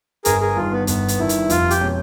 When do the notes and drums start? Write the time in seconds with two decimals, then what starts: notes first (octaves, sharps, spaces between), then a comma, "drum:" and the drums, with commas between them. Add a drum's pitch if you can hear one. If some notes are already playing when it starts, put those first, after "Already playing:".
0.25 G1 G#4 A#4, drum: hi-hat
0.41 G#4 A#4
0.56 G2 D#3 F4
0.72 B3
0.87 G1 B3, drum: hi-hat
1.08 drum: hi-hat
1.19 G2 D#3 E4
1.29 drum: hi-hat
1.50 F1 F4, drum: hi-hat
1.70 G4, drum: hi-hat
1.81 B2 G#3 C#4